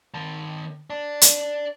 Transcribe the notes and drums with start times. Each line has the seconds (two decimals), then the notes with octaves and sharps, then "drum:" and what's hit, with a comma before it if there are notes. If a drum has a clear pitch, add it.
0.14 D#3 A5
0.90 D5 A5
1.21 drum: hi-hat